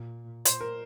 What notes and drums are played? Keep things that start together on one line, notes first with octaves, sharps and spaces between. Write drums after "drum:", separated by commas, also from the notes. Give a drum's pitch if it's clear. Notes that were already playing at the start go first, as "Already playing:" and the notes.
Already playing: A#2
A#2 C5, drum: hi-hat
A#4